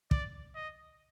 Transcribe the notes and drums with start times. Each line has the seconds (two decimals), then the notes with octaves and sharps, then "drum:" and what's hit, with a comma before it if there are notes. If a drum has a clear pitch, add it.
0.11 D5, drum: kick
0.55 D#5